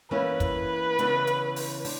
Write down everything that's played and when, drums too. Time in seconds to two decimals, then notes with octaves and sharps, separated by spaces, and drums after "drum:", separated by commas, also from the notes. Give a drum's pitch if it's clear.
0.11 E3 A#3 C#4 E4 B4
0.40 drum: kick, hi-hat
0.99 C#3 E3 B3 D4, drum: hi-hat
1.27 drum: hi-hat
1.56 drum: open hi-hat
1.85 D4, drum: open hi-hat